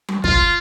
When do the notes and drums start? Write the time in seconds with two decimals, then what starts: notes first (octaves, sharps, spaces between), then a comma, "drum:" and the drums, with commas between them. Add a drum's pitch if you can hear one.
0.08 drum: tom F#3
0.24 F4, drum: kick